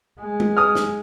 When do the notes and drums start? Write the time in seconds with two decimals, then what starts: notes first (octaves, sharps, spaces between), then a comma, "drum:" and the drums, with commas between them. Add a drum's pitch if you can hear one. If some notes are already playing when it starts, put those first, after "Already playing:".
0.19 G#3
0.40 drum: tom
0.57 D#6 F6
0.75 drum: snare